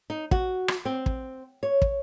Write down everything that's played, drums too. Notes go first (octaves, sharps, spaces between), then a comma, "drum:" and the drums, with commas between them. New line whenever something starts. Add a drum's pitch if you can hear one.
D#4
F#4, drum: kick
drum: rim click
C4
drum: kick
C#5
drum: kick